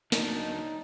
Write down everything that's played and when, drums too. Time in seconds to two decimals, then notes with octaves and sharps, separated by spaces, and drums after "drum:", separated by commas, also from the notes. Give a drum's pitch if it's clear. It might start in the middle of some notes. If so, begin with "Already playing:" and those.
0.12 F#3 D4 D#4, drum: snare